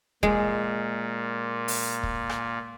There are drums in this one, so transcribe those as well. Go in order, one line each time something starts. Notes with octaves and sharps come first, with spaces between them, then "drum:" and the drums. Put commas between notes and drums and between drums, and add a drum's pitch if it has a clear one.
A#2 G#3, drum: kick
drum: open hi-hat
drum: kick
drum: rim click